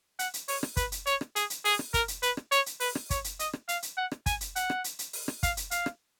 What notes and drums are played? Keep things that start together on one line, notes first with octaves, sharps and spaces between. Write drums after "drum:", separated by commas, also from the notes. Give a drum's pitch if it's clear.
F#5, drum: hi-hat
drum: hi-hat
C#5, drum: open hi-hat
drum: rim click
B4, drum: kick, hi-hat
drum: hi-hat
C#5, drum: hi-hat
drum: rim click
G#4, drum: hi-hat
drum: hi-hat
G#4, drum: open hi-hat
drum: rim click
A#4, drum: kick, hi-hat
drum: hi-hat
B4, drum: hi-hat
drum: rim click
C#5, drum: hi-hat
drum: hi-hat
B4, drum: open hi-hat
drum: rim click
C#5, drum: kick, hi-hat
drum: hi-hat
D#5, drum: hi-hat
drum: rim click
F5, drum: hi-hat
drum: hi-hat
F#5
drum: rim click
G#5, drum: kick, hi-hat
drum: hi-hat
F#5, drum: hi-hat
drum: rim click
drum: hi-hat
drum: hi-hat
drum: open hi-hat
drum: rim click
F5, drum: kick, hi-hat
drum: hi-hat
F5, drum: hi-hat
drum: rim click